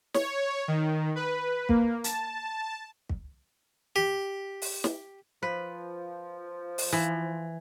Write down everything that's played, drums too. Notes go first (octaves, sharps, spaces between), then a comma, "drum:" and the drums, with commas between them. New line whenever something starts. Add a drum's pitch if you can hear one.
C#5, drum: snare
D#3
B4
A#3, drum: kick
A5, drum: hi-hat
drum: kick
G4
drum: open hi-hat
drum: snare
F3 B4
drum: open hi-hat
E3